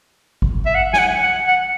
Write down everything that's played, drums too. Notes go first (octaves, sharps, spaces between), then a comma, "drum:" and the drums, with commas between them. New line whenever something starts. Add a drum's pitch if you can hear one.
drum: kick G1
E5
F#5
G#5, drum: snare
F#5
F#5
F#5